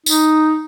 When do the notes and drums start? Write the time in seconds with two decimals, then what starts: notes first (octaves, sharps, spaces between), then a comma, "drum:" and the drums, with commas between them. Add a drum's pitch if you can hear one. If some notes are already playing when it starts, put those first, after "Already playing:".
0.06 D#4, drum: tambourine